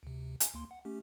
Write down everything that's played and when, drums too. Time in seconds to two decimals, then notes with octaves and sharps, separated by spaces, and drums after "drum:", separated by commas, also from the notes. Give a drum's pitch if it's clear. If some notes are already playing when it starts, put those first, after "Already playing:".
0.03 D2 C3
0.40 G#5, drum: hi-hat
0.54 D2 A#3 C6
0.71 F#5
0.85 A3 C#4 G4